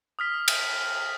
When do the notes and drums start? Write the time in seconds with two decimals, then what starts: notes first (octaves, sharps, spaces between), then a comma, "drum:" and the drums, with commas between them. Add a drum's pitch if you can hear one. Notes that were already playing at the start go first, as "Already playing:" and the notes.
0.19 D#6 F6 B6
0.48 drum: cymbal